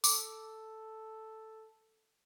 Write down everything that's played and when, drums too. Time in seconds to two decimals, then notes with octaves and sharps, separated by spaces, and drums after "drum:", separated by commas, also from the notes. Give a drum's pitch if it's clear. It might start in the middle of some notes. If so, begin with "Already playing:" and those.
0.04 A4 D6, drum: tambourine